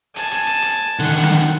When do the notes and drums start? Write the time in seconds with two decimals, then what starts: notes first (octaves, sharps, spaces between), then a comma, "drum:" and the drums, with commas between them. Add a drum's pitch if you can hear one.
0.16 G#5 A5, drum: hi-hat
0.31 drum: hi-hat
0.47 drum: hi-hat
0.62 drum: hi-hat
0.99 D3 D#3 F#5
1.24 drum: snare
1.39 drum: hi-hat